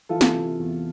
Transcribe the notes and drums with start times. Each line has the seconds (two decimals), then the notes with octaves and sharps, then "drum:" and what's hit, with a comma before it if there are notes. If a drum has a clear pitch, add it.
0.09 E3 F4 A4
0.21 drum: snare
0.34 C3
0.60 E2